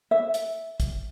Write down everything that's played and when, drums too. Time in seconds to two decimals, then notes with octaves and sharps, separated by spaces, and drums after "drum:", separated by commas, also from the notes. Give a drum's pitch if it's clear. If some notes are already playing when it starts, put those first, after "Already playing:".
0.11 E5
0.34 drum: hi-hat
0.80 drum: kick, hi-hat